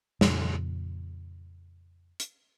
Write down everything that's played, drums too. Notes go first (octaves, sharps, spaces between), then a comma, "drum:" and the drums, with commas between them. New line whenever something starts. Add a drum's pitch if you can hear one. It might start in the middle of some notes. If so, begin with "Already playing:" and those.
F2 A#2 C#3 F3, drum: snare
drum: hi-hat